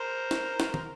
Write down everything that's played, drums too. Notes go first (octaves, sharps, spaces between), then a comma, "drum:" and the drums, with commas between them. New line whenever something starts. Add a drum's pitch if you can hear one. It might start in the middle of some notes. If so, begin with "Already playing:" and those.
Already playing: A#4 C5
drum: snare
drum: snare
drum: tom